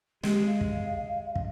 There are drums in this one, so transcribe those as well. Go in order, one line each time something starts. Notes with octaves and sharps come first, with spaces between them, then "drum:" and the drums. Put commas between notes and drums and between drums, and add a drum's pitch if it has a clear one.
G#3 G4, drum: snare
F5
drum: kick
drum: kick